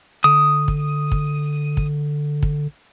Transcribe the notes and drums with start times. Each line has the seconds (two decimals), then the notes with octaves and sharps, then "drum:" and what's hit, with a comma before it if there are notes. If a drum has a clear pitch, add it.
0.24 D3 D#6
0.68 drum: kick
1.12 drum: kick
1.77 drum: kick
2.43 drum: kick